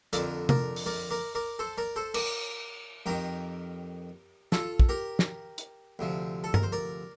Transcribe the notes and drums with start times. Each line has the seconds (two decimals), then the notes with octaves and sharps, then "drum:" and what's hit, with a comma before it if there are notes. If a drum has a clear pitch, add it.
0.13 F2 D3 F3 A#4 D5, drum: hi-hat
0.49 A#4 D5, drum: tom C3
0.76 drum: open hi-hat
0.86 A#4 D5
1.10 A#4 D5
1.35 A#4 D5
1.59 A4 C5
1.78 A#4 D5
1.96 A4 C5
2.14 A#4 D5, drum: cymbal
3.06 F2 D#3 G4 A#4
4.52 F4 A4, drum: snare
4.79 drum: kick
4.89 G4 A#4
5.19 drum: snare
5.58 drum: hi-hat
5.99 D2 C3 F3
6.44 A4
6.54 A#4, drum: tom G2
6.63 C5
6.72 A#4 D5